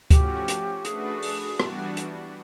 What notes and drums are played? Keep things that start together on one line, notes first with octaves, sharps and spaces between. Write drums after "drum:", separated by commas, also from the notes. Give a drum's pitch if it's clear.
F3 A3 C#4 F#4 G4, drum: kick D2, hi-hat
drum: hi-hat
A3 D4 F#4 G#4 B4, drum: hi-hat
drum: open hi-hat
E3 G3 B3 D4 F#4, drum: rim click
drum: hi-hat